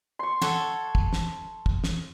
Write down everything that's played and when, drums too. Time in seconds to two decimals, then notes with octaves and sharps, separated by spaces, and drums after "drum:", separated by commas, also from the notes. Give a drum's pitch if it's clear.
0.19 C6 C#6
0.42 A4 C#5 F#5, drum: snare
0.95 drum: kick
1.13 drum: snare
1.66 drum: kick
1.84 drum: snare